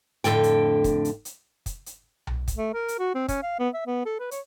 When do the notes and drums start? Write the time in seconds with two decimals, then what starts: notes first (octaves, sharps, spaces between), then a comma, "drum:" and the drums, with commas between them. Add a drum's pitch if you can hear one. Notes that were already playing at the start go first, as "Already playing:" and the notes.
0.24 F2 A2 D3 G5, drum: hi-hat
0.43 drum: hi-hat
0.84 drum: kick, hi-hat
1.05 drum: hi-hat
1.25 drum: hi-hat
1.66 drum: kick, hi-hat
1.86 drum: hi-hat
2.27 drum: tom B1
2.48 drum: kick, hi-hat
2.57 A3
2.74 A#4
2.88 drum: hi-hat
2.99 F#4
3.15 C4
3.28 C#4, drum: kick, hi-hat
3.43 F5
3.59 B3
3.74 E5
3.86 B3
4.05 A4
4.19 B4
4.31 C#5, drum: hi-hat